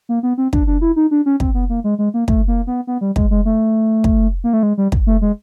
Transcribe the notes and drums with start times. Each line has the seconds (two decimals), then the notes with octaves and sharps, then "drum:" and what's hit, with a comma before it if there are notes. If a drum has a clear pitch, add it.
0.09 A#3
0.23 B3
0.38 C4
0.53 D4, drum: kick
0.67 D4
0.81 E4
0.96 D#4
1.11 D4
1.26 C#4
1.40 C4, drum: kick
1.54 B3
1.70 A#3
1.84 G#3
1.99 G#3
2.14 A#3
2.28 A3, drum: kick
2.48 A#3
2.67 B3
2.87 B3
3.01 G3
3.16 G#3, drum: kick
3.31 G#3
3.45 A3
4.04 drum: kick
4.44 A#3
4.53 A3
4.63 G#3
4.78 G3
4.92 drum: kick
5.07 A3
5.22 G#3